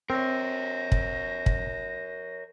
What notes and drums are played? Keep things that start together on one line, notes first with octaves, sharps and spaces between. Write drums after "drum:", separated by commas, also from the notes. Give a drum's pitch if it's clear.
C4 A#4 C#5 A#6
drum: kick
drum: kick